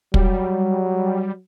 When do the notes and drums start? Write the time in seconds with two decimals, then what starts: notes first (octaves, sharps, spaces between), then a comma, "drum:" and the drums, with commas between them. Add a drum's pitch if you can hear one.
0.14 F#3 G3, drum: kick